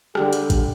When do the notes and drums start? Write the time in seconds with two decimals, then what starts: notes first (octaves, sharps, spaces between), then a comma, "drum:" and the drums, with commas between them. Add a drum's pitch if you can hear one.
0.15 D3 G3 G4, drum: rim click
0.33 drum: hi-hat
0.50 drum: kick, hi-hat